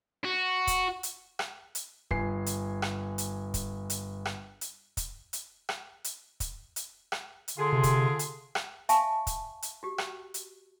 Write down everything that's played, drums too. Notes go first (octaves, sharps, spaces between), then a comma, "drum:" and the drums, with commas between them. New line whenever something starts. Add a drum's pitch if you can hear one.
F#4
drum: kick, hi-hat
drum: hi-hat
drum: rim click
drum: hi-hat
G1 G#5 C7, drum: kick
drum: hi-hat
drum: rim click
drum: hi-hat
drum: kick, hi-hat
drum: hi-hat
drum: rim click
drum: hi-hat
drum: kick, hi-hat
drum: hi-hat
drum: rim click
drum: hi-hat
drum: kick, hi-hat
drum: hi-hat
drum: rim click
drum: hi-hat
D3 F4 G#4 C6
C3
drum: kick, hi-hat
drum: hi-hat
drum: rim click
E5 F5 G#5 A5 C#6, drum: hi-hat
drum: kick, hi-hat
drum: hi-hat
F#4 G4
drum: rim click
drum: hi-hat